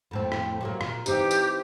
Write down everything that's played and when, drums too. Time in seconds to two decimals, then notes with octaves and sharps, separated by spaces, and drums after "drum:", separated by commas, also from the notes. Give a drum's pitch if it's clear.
0.11 F2 A2 C4
0.32 drum: rim click
0.61 C3 F#3 A#3
0.81 A#2, drum: rim click
1.06 E3 C4 D#4 G4, drum: tambourine
1.31 drum: tambourine